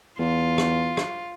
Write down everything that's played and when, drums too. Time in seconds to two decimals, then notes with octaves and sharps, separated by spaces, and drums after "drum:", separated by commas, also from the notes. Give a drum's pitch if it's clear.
0.19 E2 F4
0.58 drum: rim click
0.97 drum: rim click